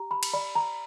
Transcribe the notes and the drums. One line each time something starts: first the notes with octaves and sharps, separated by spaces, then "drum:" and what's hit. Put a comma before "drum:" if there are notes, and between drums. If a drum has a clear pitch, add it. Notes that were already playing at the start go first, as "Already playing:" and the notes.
Already playing: G4 A#5
B5
drum: cymbal
D5 B5
A#5